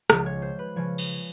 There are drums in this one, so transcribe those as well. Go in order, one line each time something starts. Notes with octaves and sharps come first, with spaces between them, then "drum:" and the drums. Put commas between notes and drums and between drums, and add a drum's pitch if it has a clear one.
C#2 C#3 F3, drum: rim click
C#5
C5
B4
C#3 F3 C#5
drum: cymbal